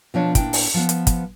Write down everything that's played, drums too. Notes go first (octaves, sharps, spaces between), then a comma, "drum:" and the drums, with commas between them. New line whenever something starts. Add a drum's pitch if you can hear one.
B2 F3 D4 C#5
A#2 D4 E4 G5, drum: kick, hi-hat
drum: open hi-hat
F3 B3
drum: hi-hat
drum: kick, hi-hat